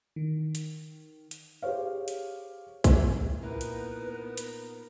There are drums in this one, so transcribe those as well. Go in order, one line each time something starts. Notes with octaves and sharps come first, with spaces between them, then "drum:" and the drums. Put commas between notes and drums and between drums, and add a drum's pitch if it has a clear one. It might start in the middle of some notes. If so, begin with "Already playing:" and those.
D#3
drum: hi-hat
drum: hi-hat
G4 G#4 C5 C#5 F5
drum: hi-hat
drum: kick B1, hi-hat
A#2 B3 D#4 E4 A#4 B4
drum: hi-hat
drum: hi-hat